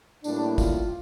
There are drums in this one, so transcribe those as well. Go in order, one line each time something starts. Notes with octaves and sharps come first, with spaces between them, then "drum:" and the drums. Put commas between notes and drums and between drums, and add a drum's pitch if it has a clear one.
A2 G3 A#3 D4, drum: tambourine
F4, drum: kick, tambourine